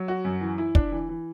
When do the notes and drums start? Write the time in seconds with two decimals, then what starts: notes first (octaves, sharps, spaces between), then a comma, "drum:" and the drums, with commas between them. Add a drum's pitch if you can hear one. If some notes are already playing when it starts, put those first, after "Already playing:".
Already playing: F#3
0.08 F#4
0.24 F#2
0.41 E3
0.58 E4
0.75 D4, drum: kick
0.92 E3
1.09 E3